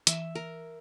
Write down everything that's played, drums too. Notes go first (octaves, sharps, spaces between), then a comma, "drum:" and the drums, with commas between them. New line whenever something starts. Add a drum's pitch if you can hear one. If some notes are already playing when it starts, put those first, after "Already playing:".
E3 E5, drum: hi-hat
A#4